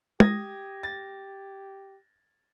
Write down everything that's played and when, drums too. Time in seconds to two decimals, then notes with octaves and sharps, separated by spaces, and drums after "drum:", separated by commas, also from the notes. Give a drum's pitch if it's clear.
0.20 G4 D#6 G#6 A#6, drum: tom
0.83 A6